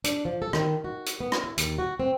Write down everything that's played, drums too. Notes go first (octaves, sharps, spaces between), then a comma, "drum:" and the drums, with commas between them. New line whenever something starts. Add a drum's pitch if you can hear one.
D4, drum: hi-hat
F3
A4
D#3, drum: rim click
F#4
drum: hi-hat
B3
drum: rim click
E4
D#2, drum: hi-hat
F#4
C4